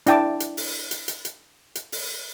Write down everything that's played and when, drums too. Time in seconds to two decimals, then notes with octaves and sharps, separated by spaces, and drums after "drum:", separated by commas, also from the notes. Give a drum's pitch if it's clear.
0.07 D4 E4 G5 A5 D6, drum: hi-hat
0.40 drum: hi-hat
0.57 drum: open hi-hat
0.91 drum: hi-hat
1.08 drum: hi-hat
1.25 drum: hi-hat
1.75 drum: hi-hat
1.92 drum: open hi-hat